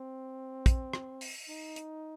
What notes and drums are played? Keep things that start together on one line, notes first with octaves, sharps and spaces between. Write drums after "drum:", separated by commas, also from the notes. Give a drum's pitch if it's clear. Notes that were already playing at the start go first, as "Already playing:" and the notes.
Already playing: C4
drum: kick, hi-hat
drum: rim click
drum: open hi-hat
D#4
drum: hi-hat